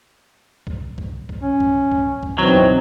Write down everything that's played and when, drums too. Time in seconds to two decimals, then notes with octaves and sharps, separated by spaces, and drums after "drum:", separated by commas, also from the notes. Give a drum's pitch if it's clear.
0.67 drum: kick
0.98 drum: kick
1.29 drum: kick
1.42 C#4
1.60 drum: kick
1.92 drum: kick
2.23 drum: kick
2.38 B2 E3 F#3 C4 D#4
2.54 drum: kick